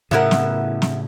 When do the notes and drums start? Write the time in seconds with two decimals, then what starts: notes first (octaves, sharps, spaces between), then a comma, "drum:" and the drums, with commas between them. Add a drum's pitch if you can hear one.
0.11 A2 C#3 B3 E4 A#4 E5 F#5
0.31 drum: snare
0.82 drum: snare